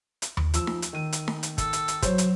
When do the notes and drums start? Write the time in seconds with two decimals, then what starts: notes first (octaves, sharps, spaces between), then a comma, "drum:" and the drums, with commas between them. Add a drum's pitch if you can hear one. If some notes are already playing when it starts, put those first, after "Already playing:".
0.22 drum: hi-hat
0.37 drum: tom D#2
0.54 F3 E6, drum: hi-hat
0.67 drum: snare D#4
0.82 drum: hi-hat
0.93 D#3 D#7
1.13 drum: hi-hat
1.28 drum: snare D#4
1.43 drum: hi-hat
1.58 A4, drum: kick, hi-hat
1.73 drum: hi-hat
1.88 drum: hi-hat
2.02 F#3 C5 C#5, drum: kick, hi-hat
2.18 drum: hi-hat